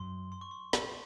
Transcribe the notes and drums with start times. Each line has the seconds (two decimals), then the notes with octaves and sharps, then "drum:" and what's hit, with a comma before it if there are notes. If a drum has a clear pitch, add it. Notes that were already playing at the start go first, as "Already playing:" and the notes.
Already playing: F#2 C6
0.32 C6
0.41 C#6
0.51 C6
0.73 C3, drum: snare